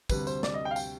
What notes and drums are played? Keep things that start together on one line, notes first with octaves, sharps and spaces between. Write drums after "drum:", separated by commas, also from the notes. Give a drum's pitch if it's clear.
D2 C3 G3 B4, drum: kick, tambourine
C5, drum: tambourine
D5, drum: snare
D#5
G5
F5
G5, drum: tambourine